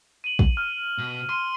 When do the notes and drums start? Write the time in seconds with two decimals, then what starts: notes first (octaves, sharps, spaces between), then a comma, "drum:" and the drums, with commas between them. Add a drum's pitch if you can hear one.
0.24 D#7 F#7
0.39 drum: kick
0.57 F6
0.98 B2
1.29 C6 D#7